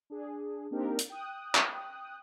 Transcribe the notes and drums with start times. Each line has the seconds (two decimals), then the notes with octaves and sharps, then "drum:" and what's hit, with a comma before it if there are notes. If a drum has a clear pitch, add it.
0.10 D4 G#4
0.71 A#3 C4 D4 D#4 G4 A#4
0.99 drum: hi-hat
1.10 G5 D#6 F#6
1.55 drum: clap